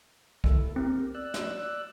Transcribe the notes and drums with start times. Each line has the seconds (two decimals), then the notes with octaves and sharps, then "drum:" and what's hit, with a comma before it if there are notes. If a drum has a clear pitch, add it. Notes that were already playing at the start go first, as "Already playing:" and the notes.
0.44 A#3 E4 A4, drum: kick
0.76 C4 G4 A#4
1.15 D5 E6 F#6
1.34 drum: snare